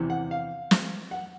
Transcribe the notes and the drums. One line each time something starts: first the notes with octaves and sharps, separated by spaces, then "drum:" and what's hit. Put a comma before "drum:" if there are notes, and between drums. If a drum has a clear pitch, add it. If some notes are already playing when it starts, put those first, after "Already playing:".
Already playing: E2 C3 E3
F#5
F5
drum: snare
F#5